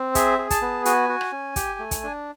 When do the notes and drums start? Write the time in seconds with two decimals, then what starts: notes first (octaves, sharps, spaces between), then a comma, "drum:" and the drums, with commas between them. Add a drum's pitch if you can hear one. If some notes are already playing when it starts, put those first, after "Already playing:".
Already playing: C4
0.15 G#4 E5, drum: kick, hi-hat
0.39 G#4
0.50 A5, drum: kick, hi-hat
0.62 B3
0.85 F#4 G#5, drum: hi-hat
1.09 F#4
1.21 drum: rim click
1.32 C#4
1.56 G4, drum: kick, hi-hat
1.79 A3
1.91 drum: kick, hi-hat
2.03 D4